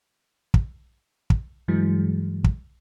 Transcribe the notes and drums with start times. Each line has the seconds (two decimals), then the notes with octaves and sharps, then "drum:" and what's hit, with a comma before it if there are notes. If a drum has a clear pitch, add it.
0.54 drum: kick
1.30 drum: kick
1.68 G2 E3 F#3 G#3
2.44 drum: kick